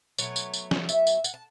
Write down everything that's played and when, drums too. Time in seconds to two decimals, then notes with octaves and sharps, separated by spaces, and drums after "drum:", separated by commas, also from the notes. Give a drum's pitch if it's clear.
0.18 B2 F#3 A3 C#5, drum: tambourine
0.36 drum: tambourine
0.54 drum: tambourine
0.71 drum: snare
0.89 E5, drum: tambourine
1.07 drum: tambourine
1.24 F#5, drum: tambourine
1.34 A5